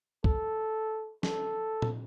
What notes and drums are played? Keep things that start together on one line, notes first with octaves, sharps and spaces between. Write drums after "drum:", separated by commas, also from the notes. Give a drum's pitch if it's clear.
A4, drum: kick
A4, drum: snare
drum: tom A#2